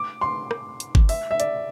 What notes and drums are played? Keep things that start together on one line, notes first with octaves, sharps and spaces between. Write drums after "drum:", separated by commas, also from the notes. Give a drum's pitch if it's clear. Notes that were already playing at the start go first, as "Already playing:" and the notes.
Already playing: D6
C6
drum: rim click
drum: hi-hat
drum: kick G1
E5, drum: open hi-hat
E5
D5, drum: hi-hat